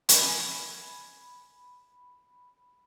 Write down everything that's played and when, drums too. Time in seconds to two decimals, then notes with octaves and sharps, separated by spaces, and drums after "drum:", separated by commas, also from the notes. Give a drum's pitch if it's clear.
0.09 G#5 B5 G#6, drum: hi-hat